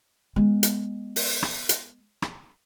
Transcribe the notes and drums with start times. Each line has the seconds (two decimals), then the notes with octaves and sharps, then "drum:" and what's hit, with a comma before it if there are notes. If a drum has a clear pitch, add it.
0.36 G#3 B3
0.63 drum: hi-hat
1.16 drum: open hi-hat
1.43 drum: rim click
1.69 drum: hi-hat
2.22 drum: rim click